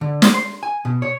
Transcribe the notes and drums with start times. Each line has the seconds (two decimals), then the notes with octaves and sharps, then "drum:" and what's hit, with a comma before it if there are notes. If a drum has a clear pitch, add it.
0.01 D3
0.22 C5, drum: snare
0.34 C6
0.63 G#5
0.85 B2
1.02 C#5